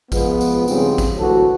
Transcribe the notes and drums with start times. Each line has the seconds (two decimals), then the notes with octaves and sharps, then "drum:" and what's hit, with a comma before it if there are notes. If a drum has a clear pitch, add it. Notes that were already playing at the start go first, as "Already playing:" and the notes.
0.12 F3 G#3 B3, drum: kick A1, tambourine
0.41 drum: tambourine
0.68 G#2 C#3 F3 G3 C4, drum: tambourine
0.98 drum: kick A1, tambourine
1.19 D2 E3 F#3 F#4 A4